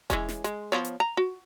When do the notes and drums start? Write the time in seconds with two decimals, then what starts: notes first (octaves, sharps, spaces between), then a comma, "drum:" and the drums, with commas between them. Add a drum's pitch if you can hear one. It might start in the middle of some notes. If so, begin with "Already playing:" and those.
0.10 E3 G#3 C#4, drum: kick E1, hi-hat
0.29 drum: snare
0.44 G#3, drum: hi-hat
0.72 F3 B3 C#5
0.85 drum: hi-hat
1.00 A#5
1.17 F#4